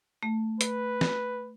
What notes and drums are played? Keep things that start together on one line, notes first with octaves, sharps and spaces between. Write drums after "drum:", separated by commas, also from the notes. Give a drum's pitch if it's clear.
A3
B4, drum: hi-hat
drum: snare